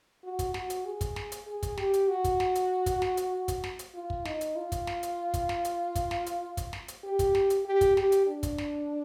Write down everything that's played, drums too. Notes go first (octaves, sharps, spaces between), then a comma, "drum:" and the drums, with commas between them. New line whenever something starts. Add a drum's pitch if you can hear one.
F#4
drum: kick, hi-hat
F#4, drum: snare
drum: hi-hat
G#4
drum: kick, hi-hat
drum: snare
drum: hi-hat
G#4
drum: kick, hi-hat
G4, drum: snare
drum: hi-hat
F#4
drum: kick, hi-hat
drum: snare
drum: hi-hat
drum: kick, hi-hat
drum: snare
drum: hi-hat
drum: kick, hi-hat
drum: snare
drum: hi-hat
F4
drum: kick
D#4, drum: snare
drum: hi-hat
F4
drum: kick, hi-hat
drum: snare
drum: hi-hat
drum: kick, hi-hat
drum: snare
drum: hi-hat
drum: kick, hi-hat
drum: snare
drum: hi-hat
drum: kick, hi-hat
drum: snare
drum: hi-hat
G4
drum: kick, hi-hat
drum: snare
drum: hi-hat
G4
drum: kick, hi-hat
G4, drum: snare
drum: hi-hat
D4
drum: kick, hi-hat
drum: snare